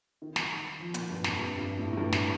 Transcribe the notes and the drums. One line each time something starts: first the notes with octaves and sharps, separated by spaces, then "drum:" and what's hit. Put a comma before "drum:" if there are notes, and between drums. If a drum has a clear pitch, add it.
D#3
drum: snare
F3
A#2, drum: hi-hat
G2
F2, drum: snare
G2
G2
A2
A2
G2
drum: snare